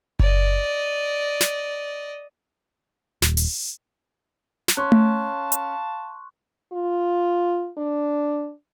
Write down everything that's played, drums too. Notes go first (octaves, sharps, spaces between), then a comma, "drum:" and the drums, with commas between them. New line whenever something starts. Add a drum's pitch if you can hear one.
D5 D#5, drum: kick F#1
drum: snare
D#1, drum: snare
drum: open hi-hat
drum: snare
C#4 F5 A5 C6 C#6 F#6
drum: tom A3
drum: hi-hat
F4
D4